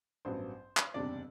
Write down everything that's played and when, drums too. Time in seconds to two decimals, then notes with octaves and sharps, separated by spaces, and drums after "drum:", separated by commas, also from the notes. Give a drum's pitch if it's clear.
0.25 A1 G2 F#3 B3 C5
0.77 drum: clap
0.94 F#1 E2 C3 G3 D4 D5